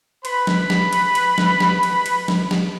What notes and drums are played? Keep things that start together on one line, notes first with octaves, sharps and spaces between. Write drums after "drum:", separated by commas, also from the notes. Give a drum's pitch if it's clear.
B4 B5, drum: cymbal
drum: snare
drum: snare
drum: cymbal
drum: cymbal
drum: snare
drum: snare
drum: cymbal
drum: cymbal
drum: snare
drum: snare